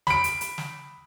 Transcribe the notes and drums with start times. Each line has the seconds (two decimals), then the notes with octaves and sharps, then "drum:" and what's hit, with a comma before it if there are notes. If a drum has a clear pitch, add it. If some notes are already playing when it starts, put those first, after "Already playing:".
0.07 B5 D7, drum: snare
0.24 drum: hi-hat
0.41 drum: hi-hat
0.58 drum: snare